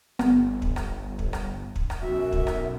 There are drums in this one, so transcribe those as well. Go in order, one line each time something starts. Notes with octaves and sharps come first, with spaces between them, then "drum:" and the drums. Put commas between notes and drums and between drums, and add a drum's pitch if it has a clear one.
G1 B3, drum: rim click
drum: kick
drum: rim click
drum: kick
drum: rim click
drum: kick
drum: rim click
B1 F#2 F#4 E5
drum: kick
drum: rim click